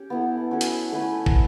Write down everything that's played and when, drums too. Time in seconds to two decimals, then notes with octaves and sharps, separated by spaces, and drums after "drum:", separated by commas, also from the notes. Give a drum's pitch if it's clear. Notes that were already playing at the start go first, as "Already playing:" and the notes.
Already playing: C#4 G4
0.10 B3 E4 A4
0.51 C#4 F#4 A4
0.61 drum: hi-hat
0.92 A3 C#4 E4 B4
1.26 drum: kick